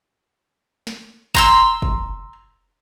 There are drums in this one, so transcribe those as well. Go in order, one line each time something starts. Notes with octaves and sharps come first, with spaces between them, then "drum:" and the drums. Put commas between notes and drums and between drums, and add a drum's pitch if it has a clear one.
drum: snare
A#5 C6 E6, drum: kick
drum: kick